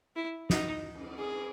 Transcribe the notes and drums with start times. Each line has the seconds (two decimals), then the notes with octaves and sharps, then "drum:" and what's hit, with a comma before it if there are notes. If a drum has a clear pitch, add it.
0.16 E4
0.50 D#4, drum: snare
0.95 drum: cymbal
1.18 G#4